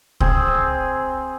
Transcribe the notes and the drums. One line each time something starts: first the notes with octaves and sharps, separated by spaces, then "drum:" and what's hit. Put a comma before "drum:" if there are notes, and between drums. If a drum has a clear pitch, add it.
C4 G#4, drum: kick C2